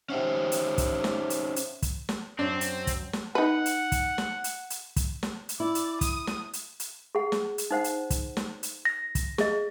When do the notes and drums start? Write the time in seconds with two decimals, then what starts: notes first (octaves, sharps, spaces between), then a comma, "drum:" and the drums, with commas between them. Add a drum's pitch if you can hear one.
0.10 C#4 D#4 G4 C5 E5 F#5
0.52 drum: hi-hat
0.78 drum: kick, hi-hat
1.04 drum: snare
1.30 drum: hi-hat
1.56 drum: hi-hat
1.82 drum: kick, hi-hat
2.09 drum: snare
2.39 F#2 C4 D4
2.61 drum: hi-hat
2.87 drum: kick, hi-hat
3.13 drum: snare
3.35 D#4 B4 F#5
3.66 drum: hi-hat
3.92 drum: kick, hi-hat
4.18 drum: snare
4.44 drum: hi-hat
4.70 drum: hi-hat
4.96 drum: kick, hi-hat
5.23 drum: snare
5.49 drum: hi-hat
5.60 E4 D5
5.75 drum: hi-hat
6.01 D#6, drum: kick, hi-hat
6.27 drum: snare
6.53 drum: hi-hat
6.80 drum: hi-hat
7.15 G#4 F#5
7.32 drum: snare
7.58 drum: hi-hat
7.71 D#4 C5 F#5
7.84 drum: hi-hat
8.10 drum: kick, hi-hat
8.37 drum: snare
8.63 drum: hi-hat
8.85 A#6
9.15 drum: kick, hi-hat
9.38 G#4 D#5, drum: snare